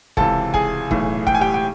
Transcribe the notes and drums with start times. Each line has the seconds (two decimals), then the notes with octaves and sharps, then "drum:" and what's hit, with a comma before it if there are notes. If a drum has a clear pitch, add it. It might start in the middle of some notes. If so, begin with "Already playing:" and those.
0.17 C#2 C3 E3 A4 A5, drum: kick E1
0.54 G#4 G#5, drum: kick E1
0.91 B1 A2 E3, drum: kick E1
1.27 G5, drum: kick E1
1.35 G#5
1.41 G4 G5
1.54 G5